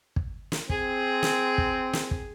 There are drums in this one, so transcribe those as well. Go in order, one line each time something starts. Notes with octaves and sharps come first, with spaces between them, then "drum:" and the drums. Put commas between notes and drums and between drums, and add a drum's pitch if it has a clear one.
drum: kick
drum: snare
C4 G#4, drum: kick
drum: snare
drum: kick
drum: snare
drum: kick